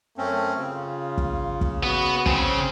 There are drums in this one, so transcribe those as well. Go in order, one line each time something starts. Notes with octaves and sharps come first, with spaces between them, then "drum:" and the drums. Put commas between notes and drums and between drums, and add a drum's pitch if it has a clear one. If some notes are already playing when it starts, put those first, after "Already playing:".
F#2 A3 C4 C#4
C#3 F4
drum: kick
drum: kick
B3 F#4
C#3 C4, drum: kick